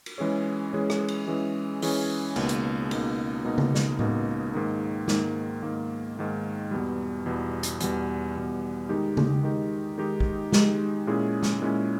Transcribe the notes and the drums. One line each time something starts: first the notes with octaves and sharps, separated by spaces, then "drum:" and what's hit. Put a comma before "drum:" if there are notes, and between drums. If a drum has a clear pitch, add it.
drum: cymbal
E3 G#3 C#4 G#4 C#5
E3 G#3 C#4 G#4 C#5
drum: rim click
drum: cymbal
E3 G#3 C#4 G#4 C#5
E3 G#3 C#4 G#4 C#5, drum: open hi-hat
C#2 B2 A#3 D#4, drum: cymbal
drum: hi-hat
C#2 B2 A#3 D#4, drum: cymbal
C#2 B2 A#3 D#4
drum: tom C#3
drum: snare
C#2 B2 A#3 D#4, drum: tom A2
G#2 D#3 A#3
G#2 D#3 A#3, drum: snare
G#2 D#3 A#3
G#2 D#3 A#3
E2 B2 G3
E2 B2 G3
drum: hi-hat
E2 B2 G3, drum: hi-hat
E2 B2 G3
D#3 G#3 D#4 G4
drum: tom C#3
D#3 G#3 D#4 G4
D#3 G#3 D#4 G4
drum: kick
D#3 G#3 D#4 G4, drum: snare
A#2 G#3 C#4 E4 G#4
drum: snare
A#2 G#3 C#4 E4 G#4